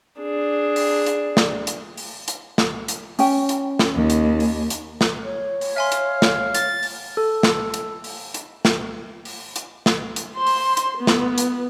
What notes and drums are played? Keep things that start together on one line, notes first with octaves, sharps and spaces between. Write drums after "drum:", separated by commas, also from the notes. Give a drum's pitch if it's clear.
D4 G#4
drum: open hi-hat
drum: hi-hat
drum: snare
drum: hi-hat
drum: open hi-hat
drum: hi-hat
drum: snare
drum: hi-hat
C#4 G5, drum: open hi-hat
drum: hi-hat
drum: snare
D#2
drum: hi-hat
drum: open hi-hat
drum: hi-hat
drum: snare
C#5
drum: open hi-hat
E5 F5 G#5 C6
drum: hi-hat
drum: snare
A6, drum: hi-hat
drum: open hi-hat
A4
drum: snare
drum: hi-hat
drum: open hi-hat
drum: hi-hat
drum: snare
drum: open hi-hat
drum: hi-hat
drum: snare
drum: hi-hat
C5 C6
drum: open hi-hat
drum: hi-hat
B3
drum: snare
drum: hi-hat